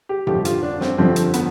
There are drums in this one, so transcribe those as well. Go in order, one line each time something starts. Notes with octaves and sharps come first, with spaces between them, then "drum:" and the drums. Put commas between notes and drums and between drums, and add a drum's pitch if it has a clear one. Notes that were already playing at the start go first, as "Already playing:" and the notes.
G4
G1 F2 D3 F3 G4, drum: tom A2
F4, drum: hi-hat
D4
C4, drum: snare
G1 F2 D3 F3 C4
drum: hi-hat
B3, drum: hi-hat